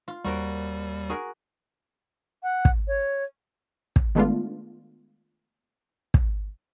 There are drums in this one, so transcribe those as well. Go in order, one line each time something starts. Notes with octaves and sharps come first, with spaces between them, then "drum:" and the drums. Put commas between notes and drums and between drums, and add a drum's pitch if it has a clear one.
F4
D#2 G3 F#4 A#4 C5
F#4 G#4 A#4
F#5
drum: kick
C#5
drum: kick
D#3 G#3 A3 B3 D4 F4
drum: kick